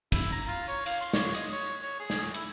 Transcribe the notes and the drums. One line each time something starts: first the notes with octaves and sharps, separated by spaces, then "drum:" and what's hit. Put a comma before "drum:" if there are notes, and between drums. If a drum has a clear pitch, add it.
E4, drum: kick, cymbal
A#5
F4
C#5
F5, drum: cymbal
C6
C#5, drum: snare
D#5, drum: cymbal
C#5
C#5
G#4
drum: snare
E4, drum: cymbal